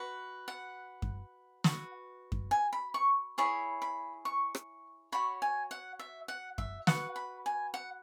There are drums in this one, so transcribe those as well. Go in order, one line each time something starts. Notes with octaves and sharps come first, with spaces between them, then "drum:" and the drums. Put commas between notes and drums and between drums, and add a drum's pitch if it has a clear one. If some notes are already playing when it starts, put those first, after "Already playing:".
Already playing: F#4 B4
F#5
drum: kick F#2
F#4 B4, drum: snare
drum: kick F#2
G#5
B5
C#6
E4 G#4 C#5 B5
B5
C#6
drum: rim click
F#4 C#5 B5
G#5
F#5
E5
F#5
E5, drum: kick F#2
F#4 B4 F#5, drum: snare
B5
G#5
F#5